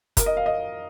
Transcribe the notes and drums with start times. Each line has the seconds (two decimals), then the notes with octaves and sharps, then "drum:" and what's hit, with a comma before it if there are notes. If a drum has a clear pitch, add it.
0.17 A#4, drum: kick, hi-hat
0.26 D#5
0.37 F5
0.46 D#5